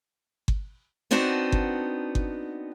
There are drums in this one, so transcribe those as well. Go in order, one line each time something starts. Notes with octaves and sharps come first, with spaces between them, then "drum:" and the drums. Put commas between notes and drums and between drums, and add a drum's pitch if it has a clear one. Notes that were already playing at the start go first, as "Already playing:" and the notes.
drum: kick G1
B3 C4 D4 D#4 F#4 A5
drum: kick G1
drum: kick G1